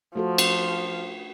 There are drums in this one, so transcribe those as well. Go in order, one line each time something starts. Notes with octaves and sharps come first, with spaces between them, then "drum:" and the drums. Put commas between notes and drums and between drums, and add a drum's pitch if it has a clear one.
F3 A3 F#4 A4
drum: cymbal